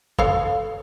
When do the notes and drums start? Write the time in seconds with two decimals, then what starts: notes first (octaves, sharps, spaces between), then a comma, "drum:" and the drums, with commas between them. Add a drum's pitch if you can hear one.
0.19 A4 C#5 F5, drum: kick